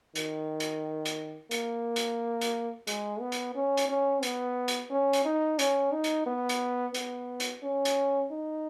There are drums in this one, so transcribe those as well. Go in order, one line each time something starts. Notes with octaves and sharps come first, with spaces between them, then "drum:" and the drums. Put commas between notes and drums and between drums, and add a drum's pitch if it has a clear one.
D#3, drum: hi-hat
drum: hi-hat
drum: hi-hat
A#3, drum: hi-hat
drum: hi-hat
drum: hi-hat
G#3, drum: hi-hat
B3
drum: hi-hat
C#4
drum: hi-hat
C#4
B3, drum: hi-hat
drum: hi-hat
C#4
drum: hi-hat
D#4
C#4, drum: hi-hat
D#4
drum: hi-hat
B3
drum: hi-hat
B3, drum: hi-hat
drum: hi-hat
C#4
drum: hi-hat
D#4